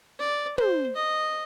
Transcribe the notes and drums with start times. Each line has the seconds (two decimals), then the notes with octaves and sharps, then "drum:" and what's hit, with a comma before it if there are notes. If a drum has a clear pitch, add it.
0.19 D5
0.58 C5, drum: tom
0.96 D#5